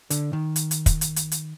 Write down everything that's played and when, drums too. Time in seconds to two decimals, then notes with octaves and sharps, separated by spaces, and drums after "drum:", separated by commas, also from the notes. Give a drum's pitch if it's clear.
0.10 D3, drum: hi-hat
0.33 D#3
0.56 drum: hi-hat
0.71 drum: hi-hat
0.86 drum: kick, hi-hat
1.01 drum: hi-hat
1.16 drum: hi-hat
1.32 drum: hi-hat